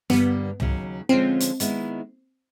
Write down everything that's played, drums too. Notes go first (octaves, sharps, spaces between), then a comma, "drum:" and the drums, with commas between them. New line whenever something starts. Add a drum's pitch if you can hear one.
G2 D3 G3 A#3 B3, drum: snare
D#2 C#3 F#3, drum: tom C2
D3 F3 G#3 C4 C#4 F4
drum: hi-hat
D#3 G#3 B3 E4, drum: hi-hat